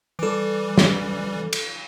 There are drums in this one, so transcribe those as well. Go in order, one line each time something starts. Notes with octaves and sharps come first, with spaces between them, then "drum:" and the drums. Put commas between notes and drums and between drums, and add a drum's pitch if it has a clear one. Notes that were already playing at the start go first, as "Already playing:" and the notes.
E3 G3 A4 D6
drum: snare
drum: cymbal